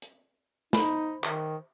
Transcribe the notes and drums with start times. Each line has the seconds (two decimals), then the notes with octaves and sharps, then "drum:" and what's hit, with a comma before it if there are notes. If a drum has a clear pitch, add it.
0.02 drum: hi-hat
0.73 D#4 C5 B5, drum: snare
1.24 D#3, drum: clap